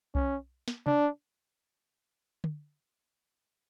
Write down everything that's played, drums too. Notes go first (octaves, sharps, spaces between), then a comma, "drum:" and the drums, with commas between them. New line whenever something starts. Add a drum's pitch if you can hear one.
C#4, drum: kick B1
drum: snare
D4, drum: tom
drum: tom